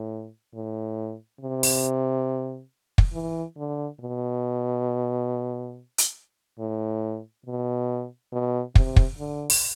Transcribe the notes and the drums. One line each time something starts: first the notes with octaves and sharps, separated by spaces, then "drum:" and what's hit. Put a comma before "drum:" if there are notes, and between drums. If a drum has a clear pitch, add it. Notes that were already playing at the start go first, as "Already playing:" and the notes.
Already playing: A2
A2
C3
drum: open hi-hat
drum: kick
E3
D3
B2
drum: hi-hat
A2
B2
B2
C3, drum: kick
drum: kick
D3
drum: open hi-hat